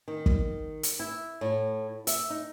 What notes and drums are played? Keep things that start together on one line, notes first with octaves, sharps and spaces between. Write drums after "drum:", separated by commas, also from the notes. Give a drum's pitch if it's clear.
D#3
drum: kick
drum: hi-hat
E4
A2
E5, drum: hi-hat
D#4